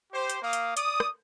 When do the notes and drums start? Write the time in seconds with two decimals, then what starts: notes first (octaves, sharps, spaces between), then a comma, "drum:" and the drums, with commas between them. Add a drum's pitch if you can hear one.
0.13 G4 C5
0.30 drum: hi-hat
0.43 A#3 F5 D#6
0.53 drum: hi-hat
0.77 D5 D#6, drum: hi-hat
1.00 drum: rim click